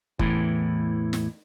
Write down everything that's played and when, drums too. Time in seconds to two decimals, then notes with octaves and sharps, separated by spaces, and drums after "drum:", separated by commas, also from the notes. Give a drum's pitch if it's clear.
0.19 E2 A2 E3, drum: kick F#1
1.13 drum: snare